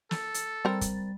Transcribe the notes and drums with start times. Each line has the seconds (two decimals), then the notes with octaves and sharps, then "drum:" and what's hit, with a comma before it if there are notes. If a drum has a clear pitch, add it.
0.11 A4, drum: snare
0.34 drum: hi-hat
0.65 G3 C4 A#4 A6
0.81 drum: kick, hi-hat